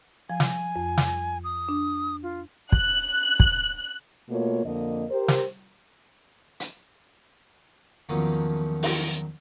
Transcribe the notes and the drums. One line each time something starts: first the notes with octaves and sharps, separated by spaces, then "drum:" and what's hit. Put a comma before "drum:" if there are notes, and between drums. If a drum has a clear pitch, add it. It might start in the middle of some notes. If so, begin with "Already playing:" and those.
F3 G#5
drum: snare
F2
drum: snare
D#6
D4
F4
F#6, drum: kick
drum: kick
B2 A3 A#3 F4 C#5
F2 D3 A#3 D#5
G4 A#4 C5
drum: snare
drum: hi-hat
E2 D#3 F3 F#3 A#3 C#4
drum: open hi-hat